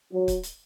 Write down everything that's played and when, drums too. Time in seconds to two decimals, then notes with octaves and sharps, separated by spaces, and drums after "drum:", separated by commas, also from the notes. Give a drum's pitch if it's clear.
0.13 F#3
0.28 drum: kick, hi-hat
0.43 drum: hi-hat